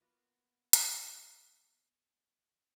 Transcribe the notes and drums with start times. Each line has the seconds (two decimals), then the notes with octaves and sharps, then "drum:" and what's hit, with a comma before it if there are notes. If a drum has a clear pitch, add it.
0.01 A#3 B3 F4 F#4
0.73 drum: hi-hat